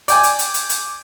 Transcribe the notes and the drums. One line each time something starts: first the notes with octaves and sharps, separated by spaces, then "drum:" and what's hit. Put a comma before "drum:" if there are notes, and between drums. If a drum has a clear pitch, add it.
D5 G5 G#5, drum: hi-hat
drum: hi-hat
drum: hi-hat
drum: hi-hat
drum: hi-hat